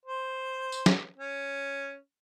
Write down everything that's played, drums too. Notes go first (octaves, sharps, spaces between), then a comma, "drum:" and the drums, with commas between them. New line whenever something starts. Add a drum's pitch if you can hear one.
C5
drum: tambourine
drum: snare
C#4